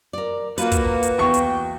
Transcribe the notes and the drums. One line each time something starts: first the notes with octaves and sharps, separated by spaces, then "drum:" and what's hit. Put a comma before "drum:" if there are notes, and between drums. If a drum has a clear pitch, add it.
A#4 D5
A#3 F4 F#4 B4, drum: hi-hat
drum: kick, hi-hat
drum: hi-hat
E2 G5 C#6
drum: hi-hat